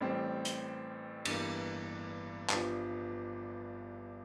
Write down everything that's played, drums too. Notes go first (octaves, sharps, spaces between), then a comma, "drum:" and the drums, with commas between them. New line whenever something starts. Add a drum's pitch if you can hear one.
A1 A2 G3 C4
drum: hi-hat
G1 G2 E3 A#3, drum: cymbal
G1 G2 F3, drum: clap